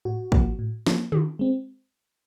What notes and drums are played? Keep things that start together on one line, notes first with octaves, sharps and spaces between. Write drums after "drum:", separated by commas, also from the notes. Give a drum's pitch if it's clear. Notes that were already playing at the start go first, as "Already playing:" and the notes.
A2 F#4
F3 A#3, drum: kick
A2
F3 A#3, drum: snare
D#3, drum: tom
G#3 C4